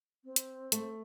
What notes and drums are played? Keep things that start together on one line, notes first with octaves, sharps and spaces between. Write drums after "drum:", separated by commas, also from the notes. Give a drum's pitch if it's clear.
C4
drum: hi-hat
A3, drum: hi-hat